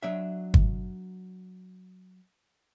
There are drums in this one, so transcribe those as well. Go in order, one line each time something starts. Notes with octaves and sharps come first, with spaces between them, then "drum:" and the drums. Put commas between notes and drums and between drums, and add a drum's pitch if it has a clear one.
F#3 D4 E5
drum: kick